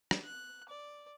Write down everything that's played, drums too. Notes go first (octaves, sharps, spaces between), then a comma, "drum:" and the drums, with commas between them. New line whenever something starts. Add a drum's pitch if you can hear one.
drum: rim click
F#6
D5